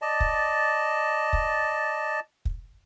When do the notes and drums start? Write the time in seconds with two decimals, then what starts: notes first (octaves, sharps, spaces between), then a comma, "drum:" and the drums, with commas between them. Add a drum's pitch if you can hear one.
0.02 D5 D#5 A5
0.20 drum: kick
1.33 drum: kick
2.45 drum: kick